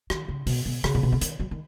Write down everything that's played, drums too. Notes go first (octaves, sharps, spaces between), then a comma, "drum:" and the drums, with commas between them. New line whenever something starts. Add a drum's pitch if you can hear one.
D#3, drum: rim click
C#3
B2, drum: open hi-hat
B2
C#3, drum: rim click
A#2
B2
C#3
D#3, drum: hi-hat
F#3
D#3